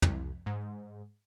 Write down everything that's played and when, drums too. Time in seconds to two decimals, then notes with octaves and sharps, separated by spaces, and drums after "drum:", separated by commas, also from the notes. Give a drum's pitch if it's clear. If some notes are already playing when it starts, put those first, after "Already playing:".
0.02 C2, drum: tom
0.46 G#2